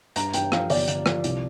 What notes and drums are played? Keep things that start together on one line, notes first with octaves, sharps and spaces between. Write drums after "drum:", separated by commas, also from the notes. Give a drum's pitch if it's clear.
G2 A#5, drum: hi-hat
G2 G5, drum: hi-hat
F3 F5, drum: rim click
G1 D5, drum: open hi-hat
G1, drum: hi-hat
F3, drum: rim click
C2, drum: hi-hat